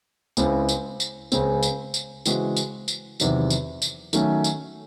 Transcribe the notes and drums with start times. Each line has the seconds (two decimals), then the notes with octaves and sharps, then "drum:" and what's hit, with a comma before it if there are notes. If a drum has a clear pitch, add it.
0.37 C#2 C#3 G#3 C4 E4, drum: tambourine
0.69 drum: tambourine
1.00 drum: tambourine
1.32 C#2 C#3 G#3 C4, drum: tambourine
1.63 drum: tambourine
1.94 drum: tambourine
2.26 C#3 E3 G#3 C4 F#4, drum: tambourine
2.56 drum: tambourine
2.88 drum: tambourine
3.20 E2 C3 D#3 F#3, drum: tambourine
3.50 drum: tambourine
3.82 drum: tambourine
4.13 D#3 F#3 A3 C#4, drum: tambourine
4.44 drum: tambourine